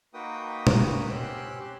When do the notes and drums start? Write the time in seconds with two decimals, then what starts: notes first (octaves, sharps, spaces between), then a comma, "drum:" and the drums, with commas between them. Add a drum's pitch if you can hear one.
0.14 A#3 D#4 F#4 B4 G5 D#6
0.67 drum: tom
1.08 C4 C#4 G4 C6 E6 F#6
1.60 G4